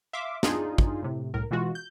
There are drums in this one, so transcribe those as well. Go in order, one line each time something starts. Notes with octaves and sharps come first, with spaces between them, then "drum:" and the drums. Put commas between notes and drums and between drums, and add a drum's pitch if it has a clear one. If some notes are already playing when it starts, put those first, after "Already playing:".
E5 F5 C6 D6
D4 D#4 F4 G#4, drum: snare
drum: kick
A2 C3
C2 A2 A#4
B2 E3 G#3 F4 F#4
G6